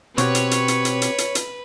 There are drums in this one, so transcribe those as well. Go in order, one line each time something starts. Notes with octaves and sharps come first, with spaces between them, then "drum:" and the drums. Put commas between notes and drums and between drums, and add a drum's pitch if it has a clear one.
B2 C4 F#4 G4 B4 C#5, drum: hi-hat
drum: hi-hat
drum: hi-hat
drum: hi-hat
drum: hi-hat
drum: hi-hat
drum: hi-hat
drum: hi-hat